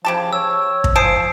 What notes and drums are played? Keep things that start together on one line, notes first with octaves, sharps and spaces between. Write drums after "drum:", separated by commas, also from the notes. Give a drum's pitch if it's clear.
C#3 F3 G4 A5
C#5 E6
drum: kick
F3 C5 G#5 A5 D#6 C7 D7